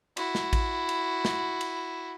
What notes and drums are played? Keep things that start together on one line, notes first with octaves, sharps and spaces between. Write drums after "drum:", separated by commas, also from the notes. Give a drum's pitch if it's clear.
E4 F#4, drum: cymbal
drum: snare
drum: kick A1, cymbal
drum: cymbal
drum: snare
drum: cymbal